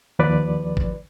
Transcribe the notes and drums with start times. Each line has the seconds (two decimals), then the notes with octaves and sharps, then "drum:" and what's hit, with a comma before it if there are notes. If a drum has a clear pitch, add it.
0.19 D#2 F3 B4 D5
0.77 drum: kick G#1